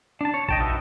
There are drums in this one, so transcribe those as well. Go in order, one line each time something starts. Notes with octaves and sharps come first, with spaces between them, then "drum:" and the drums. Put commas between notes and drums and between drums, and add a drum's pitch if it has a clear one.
D4 A5
C#5
D#5 G5 A5, drum: kick A#1
D#4 F#4 B4 D#5 E5